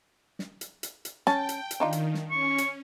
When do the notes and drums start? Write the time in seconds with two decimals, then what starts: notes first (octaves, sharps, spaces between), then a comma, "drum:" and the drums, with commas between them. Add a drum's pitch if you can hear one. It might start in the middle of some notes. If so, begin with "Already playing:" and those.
0.39 drum: snare
0.61 drum: hi-hat
0.83 drum: hi-hat
1.05 drum: hi-hat
1.27 C#4 G5 A5, drum: snare
1.49 drum: hi-hat
1.71 drum: hi-hat
1.80 D#3 D4 D#4 F4
1.93 drum: hi-hat
2.14 drum: snare
2.31 C#4 C#6
2.58 drum: hi-hat